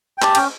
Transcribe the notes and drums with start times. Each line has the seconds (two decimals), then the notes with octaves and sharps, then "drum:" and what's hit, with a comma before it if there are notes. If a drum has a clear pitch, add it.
0.18 G5
0.22 G4 A5, drum: clap
0.35 C#4 G5, drum: cymbal